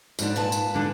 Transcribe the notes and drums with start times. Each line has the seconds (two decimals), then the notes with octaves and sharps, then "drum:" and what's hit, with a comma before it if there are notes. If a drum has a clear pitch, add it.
0.19 F2 G#2 D4, drum: tambourine
0.36 A#2 B4 A5
0.52 drum: tambourine
0.75 D3 D4 G#5